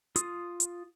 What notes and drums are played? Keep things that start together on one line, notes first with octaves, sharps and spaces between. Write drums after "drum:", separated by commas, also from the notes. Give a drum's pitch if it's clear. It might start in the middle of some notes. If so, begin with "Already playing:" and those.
F4 D#6, drum: hi-hat
drum: hi-hat